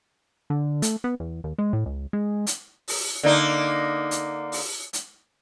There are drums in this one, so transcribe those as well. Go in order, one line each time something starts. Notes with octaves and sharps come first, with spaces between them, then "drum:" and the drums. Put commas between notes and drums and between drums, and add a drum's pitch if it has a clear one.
D3
A3, drum: hi-hat
B3
E2
D#2
G#3
A2
C#2
G#3
drum: hi-hat
drum: open hi-hat
D3 A#3 D#4
drum: hi-hat
drum: open hi-hat
drum: hi-hat